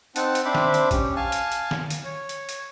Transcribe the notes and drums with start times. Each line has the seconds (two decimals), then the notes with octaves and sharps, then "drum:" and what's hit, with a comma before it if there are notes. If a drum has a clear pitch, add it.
0.16 C4 D#4 F#5 A5, drum: hi-hat
0.35 drum: hi-hat
0.45 C4 D4 C5 E5 B5 D6
0.55 drum: snare
0.74 drum: hi-hat
0.91 C#4 G4, drum: kick, hi-hat
1.16 F5 G#5 A5
1.32 drum: hi-hat
1.52 drum: hi-hat
1.71 drum: snare
1.90 drum: hi-hat
2.04 C#5
2.29 drum: hi-hat
2.49 drum: hi-hat